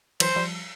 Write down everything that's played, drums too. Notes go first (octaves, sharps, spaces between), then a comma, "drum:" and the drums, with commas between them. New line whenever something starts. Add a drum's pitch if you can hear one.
E3 F#3 C5, drum: cymbal
F3 G3